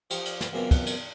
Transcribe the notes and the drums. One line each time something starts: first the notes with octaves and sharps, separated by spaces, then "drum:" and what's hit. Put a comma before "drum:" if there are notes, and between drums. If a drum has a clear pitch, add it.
F3 G4 C#6, drum: cymbal
drum: cymbal
drum: snare
C#2 F#2 B2 A#3 C4 F4
drum: kick, cymbal
drum: cymbal